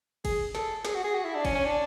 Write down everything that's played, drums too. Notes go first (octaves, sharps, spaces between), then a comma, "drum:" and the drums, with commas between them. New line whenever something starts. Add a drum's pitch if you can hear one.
G#4, drum: kick, cymbal
A4, drum: snare
G#4, drum: snare
F#4
G#4
F#4
E4
D4
C#4, drum: kick, cymbal
C#4
D4